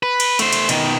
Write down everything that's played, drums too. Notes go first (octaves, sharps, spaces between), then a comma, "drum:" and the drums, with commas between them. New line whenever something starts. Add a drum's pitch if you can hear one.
B4
drum: cymbal
A3 C5, drum: cymbal
drum: cymbal
B2 D#3, drum: cymbal